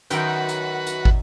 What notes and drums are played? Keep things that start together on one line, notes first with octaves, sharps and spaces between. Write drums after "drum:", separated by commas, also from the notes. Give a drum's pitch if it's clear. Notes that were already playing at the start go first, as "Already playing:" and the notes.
F#2 D#3 F#4 A#4 B4 G5, drum: hi-hat
drum: hi-hat
drum: hi-hat
drum: kick